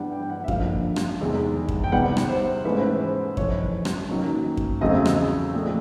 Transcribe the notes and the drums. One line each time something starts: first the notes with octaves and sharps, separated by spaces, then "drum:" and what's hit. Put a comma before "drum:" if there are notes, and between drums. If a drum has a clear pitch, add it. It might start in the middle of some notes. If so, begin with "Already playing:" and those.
Already playing: G2 E3 G3 B3 D4 F#5
G5
F#5
E5
F2 D3 F3 A#3 D4 F5, drum: kick F#2
drum: rim click
E2 C3 D#3 G#3
drum: kick F#2
G5
C3 D#3 G3 B3 F#5
drum: rim click
C5
G#2 E3 A3 C#4 B4
C5
B4
B4
C5
F2 C3 E3 C#5, drum: kick F#2
drum: rim click
D#3 F#3 A#3 C#4
drum: kick F#2
E2 C#3 F#3 A3 C4 D#5
drum: rim click
A#2 F3 A3 C4